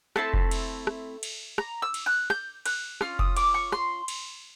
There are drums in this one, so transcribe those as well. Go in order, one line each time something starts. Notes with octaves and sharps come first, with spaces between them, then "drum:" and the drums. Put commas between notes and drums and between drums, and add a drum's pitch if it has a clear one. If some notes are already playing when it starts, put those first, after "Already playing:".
A3 C4 E4 A5, drum: rim click
drum: kick F1
drum: cymbal
drum: rim click
drum: cymbal
A#5, drum: rim click
E6
drum: cymbal
F#6
G6, drum: rim click
F#6, drum: cymbal
C#4 F4 F6, drum: rim click
D#6, drum: kick F1
D6, drum: cymbal
C#6
C6, drum: rim click
drum: cymbal